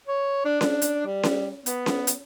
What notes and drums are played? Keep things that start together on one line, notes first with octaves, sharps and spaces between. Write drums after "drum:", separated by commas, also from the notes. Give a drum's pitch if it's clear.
C#5
D4
D4, drum: snare C#4
drum: hi-hat
G3
drum: snare C#4
B3, drum: hi-hat
drum: snare C#4
drum: hi-hat